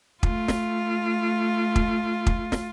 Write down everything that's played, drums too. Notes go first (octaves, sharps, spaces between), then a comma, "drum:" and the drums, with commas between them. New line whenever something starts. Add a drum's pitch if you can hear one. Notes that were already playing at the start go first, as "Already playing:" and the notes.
A3 F4, drum: kick
drum: snare
drum: kick
drum: kick
drum: snare